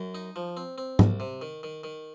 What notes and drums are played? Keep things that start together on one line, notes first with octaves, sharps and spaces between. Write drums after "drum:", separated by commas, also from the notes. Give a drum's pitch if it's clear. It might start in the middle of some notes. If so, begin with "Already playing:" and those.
Already playing: F#2
D#4
F3
C4
C4
C2, drum: tom G#2
C3
D#3
D#3
D#3